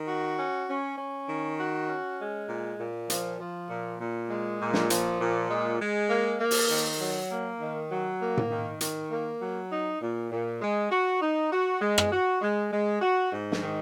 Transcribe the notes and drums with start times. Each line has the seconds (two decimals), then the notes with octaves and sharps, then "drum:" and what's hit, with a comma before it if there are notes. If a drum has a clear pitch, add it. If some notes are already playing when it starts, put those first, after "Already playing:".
Already playing: D#3
0.08 F#4
0.38 C#4
0.69 C#4
0.98 C#4
1.28 D#3
1.59 F#4
1.88 C#4
2.19 G#3
2.48 A#2
2.78 A#2
3.10 F3, drum: hi-hat
3.39 F3
3.70 A#2
3.99 A#2
4.29 G#3
4.60 A#2
4.74 drum: snare
4.90 F3, drum: hi-hat
5.20 A#2
5.50 G#3
5.80 G#3
6.10 A#3
6.39 A#3
6.51 drum: open hi-hat
6.69 D#3
7.00 F#3
7.30 A#3
7.60 D#3
7.91 F#3
8.21 A#3
8.37 drum: tom A2
8.50 D#3
8.81 D#3, drum: hi-hat
9.10 A#3
9.41 F#3
9.71 D#4
10.01 A#2
10.31 A#2
10.62 G#3
10.91 F#4
11.22 D#4
11.51 F#4
11.81 G#3
11.98 drum: rim click
12.12 F#4
12.42 G#3
12.72 G#3
13.02 F#4
13.32 G#2
13.52 drum: snare
13.61 D#3